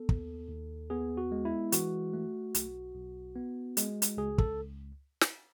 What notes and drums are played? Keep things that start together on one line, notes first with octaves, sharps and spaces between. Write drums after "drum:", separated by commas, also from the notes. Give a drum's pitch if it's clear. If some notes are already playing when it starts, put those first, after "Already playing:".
Already playing: B3 A4
D#2, drum: kick
D#2
B3 G#4
F#4
G#3
E4
E3 F#4, drum: hi-hat
A3
B1, drum: hi-hat
B1
B3
G#3, drum: hi-hat
drum: hi-hat
C#2 G#4
A4, drum: kick
drum: snare